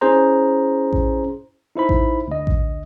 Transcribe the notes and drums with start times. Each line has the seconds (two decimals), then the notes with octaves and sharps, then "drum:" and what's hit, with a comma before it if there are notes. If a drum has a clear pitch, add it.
0.01 C#4 E4 G#4 C5 A#5
0.93 drum: kick A1
1.76 D#4 E4 C5 B5
1.89 drum: kick A1
2.28 D2 D#5
2.47 drum: kick A1